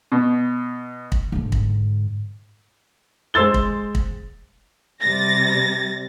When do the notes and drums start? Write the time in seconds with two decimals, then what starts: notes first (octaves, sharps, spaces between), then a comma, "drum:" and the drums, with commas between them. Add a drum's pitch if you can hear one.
0.12 B2
1.12 drum: kick
1.32 G#2 D3
1.52 drum: kick
3.34 G#3 C5 C6 E6 A6 G7
3.54 drum: kick
3.95 drum: kick
5.02 C3 G3 A6 A#6